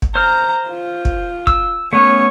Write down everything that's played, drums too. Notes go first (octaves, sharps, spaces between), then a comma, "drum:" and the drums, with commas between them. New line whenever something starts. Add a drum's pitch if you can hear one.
drum: kick
C5 A#5 F6
F4
drum: kick
E6, drum: kick
A3 B3 C#4 C#5